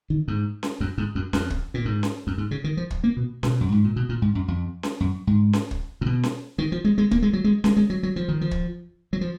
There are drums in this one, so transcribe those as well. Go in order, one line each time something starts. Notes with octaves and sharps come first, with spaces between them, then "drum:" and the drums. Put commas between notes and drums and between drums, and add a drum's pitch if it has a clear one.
D#3
G#2
drum: snare C#4
F#2
G#2
F#2
F2, drum: snare C#4
drum: kick
A#2
G#2
drum: snare C#4
F#2
G#2
C#3
D#3
F3
drum: kick
A#3
B2
B2, drum: snare C#4
F#2
G#2
A#2
B2
A#2
G#2
F#2
F2
drum: snare C#4
F#2
G#2
drum: snare C#4
drum: kick
A#2
B2
drum: snare C#4
D#3
F3
G#3
G#3
A#3, drum: kick
G#3
F#3
G#3
G#3, drum: snare C#4
G#3
F#3
F#3
F3
D#3
F3
drum: kick
F#3
F3